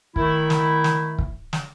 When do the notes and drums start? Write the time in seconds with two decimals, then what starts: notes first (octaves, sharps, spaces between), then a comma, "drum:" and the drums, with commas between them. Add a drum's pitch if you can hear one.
0.16 D#3 A3 E4, drum: kick
0.50 drum: snare
0.84 drum: snare
1.18 drum: kick
1.53 drum: snare